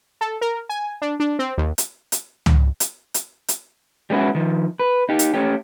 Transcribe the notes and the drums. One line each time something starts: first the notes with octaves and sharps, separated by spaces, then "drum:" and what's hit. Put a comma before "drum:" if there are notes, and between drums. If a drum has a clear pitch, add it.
A4
A#4
G#5
D4
D4
C4
D#2
drum: hi-hat
drum: hi-hat
drum: tom
drum: hi-hat
drum: hi-hat
drum: hi-hat
G3 G#3 B3 C#4 E4 F#4
D#3 F3
B4
D#4 G4
drum: hi-hat
A3 C#4 G4